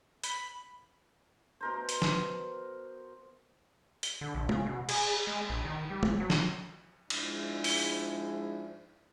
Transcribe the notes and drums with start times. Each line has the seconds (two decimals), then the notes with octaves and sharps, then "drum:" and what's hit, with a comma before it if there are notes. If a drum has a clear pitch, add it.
0.24 B5, drum: hi-hat
1.61 B2 A#4 C5
1.89 drum: hi-hat
2.02 drum: snare
4.03 drum: hi-hat
4.21 D3
4.35 A#1
4.49 C#3, drum: tom
4.66 B2
4.89 G#4, drum: cymbal
5.27 G#3
5.49 A#1
5.65 D#3
5.90 G3
6.03 G#1, drum: tom
6.20 F#3
6.30 drum: snare
7.10 G#2 F3 G#3 D4 E4, drum: cymbal
7.64 drum: open hi-hat